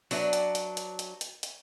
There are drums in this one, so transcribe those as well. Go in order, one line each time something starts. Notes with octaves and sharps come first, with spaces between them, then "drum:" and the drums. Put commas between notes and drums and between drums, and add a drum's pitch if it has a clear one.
F#3 D4 B4 E5, drum: open hi-hat
drum: hi-hat
drum: hi-hat
drum: hi-hat
drum: hi-hat
drum: hi-hat
drum: hi-hat